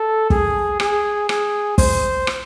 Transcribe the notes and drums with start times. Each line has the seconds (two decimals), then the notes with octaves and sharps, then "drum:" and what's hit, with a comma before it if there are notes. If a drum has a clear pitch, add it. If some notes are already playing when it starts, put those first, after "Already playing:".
Already playing: A4
0.30 G#4, drum: kick
0.80 G#4, drum: rim click
1.29 G#4, drum: rim click
1.78 C5, drum: kick, open hi-hat
2.27 drum: rim click